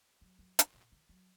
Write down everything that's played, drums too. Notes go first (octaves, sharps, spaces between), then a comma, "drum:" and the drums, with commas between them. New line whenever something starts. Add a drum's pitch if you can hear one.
F#3
F#2
drum: hi-hat
A#2
D#3
F#3